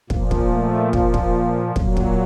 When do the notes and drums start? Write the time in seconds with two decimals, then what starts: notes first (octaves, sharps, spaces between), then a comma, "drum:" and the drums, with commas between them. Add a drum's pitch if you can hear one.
0.10 A#2 F3 A#3, drum: kick
0.31 drum: kick
0.52 A3
0.93 drum: kick
1.14 drum: kick
1.76 A#2 F#3 A#3, drum: kick
1.97 drum: kick